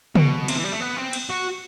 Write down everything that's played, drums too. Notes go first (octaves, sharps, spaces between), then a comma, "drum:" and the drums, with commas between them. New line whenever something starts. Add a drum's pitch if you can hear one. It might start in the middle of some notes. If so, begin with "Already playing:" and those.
B2, drum: tom
C3, drum: cymbal
E3
G3
A3
B3
C4
drum: cymbal
F#4